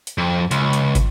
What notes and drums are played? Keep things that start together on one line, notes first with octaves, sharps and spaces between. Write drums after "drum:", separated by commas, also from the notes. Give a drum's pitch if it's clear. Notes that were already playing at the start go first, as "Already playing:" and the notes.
drum: hi-hat
F2
C#2, drum: hi-hat
drum: hi-hat
drum: kick, hi-hat